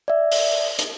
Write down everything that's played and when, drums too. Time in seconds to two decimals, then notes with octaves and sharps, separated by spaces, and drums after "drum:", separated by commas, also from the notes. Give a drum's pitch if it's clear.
0.08 D5 E5
0.32 drum: open hi-hat
0.79 drum: hi-hat